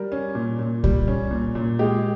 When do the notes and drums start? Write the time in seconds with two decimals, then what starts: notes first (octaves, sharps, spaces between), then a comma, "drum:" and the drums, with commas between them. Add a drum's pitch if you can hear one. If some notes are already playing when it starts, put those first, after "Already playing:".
Already playing: G3 A#4
0.12 C#4
0.35 A#2
0.59 A#2
0.84 G3, drum: kick C2
1.08 C#4
1.31 A#2
1.55 A#2
1.79 G#3 G4